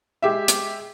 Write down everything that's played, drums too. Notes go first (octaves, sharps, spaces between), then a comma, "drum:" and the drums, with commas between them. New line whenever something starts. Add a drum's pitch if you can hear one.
G#3 G4 E5
drum: hi-hat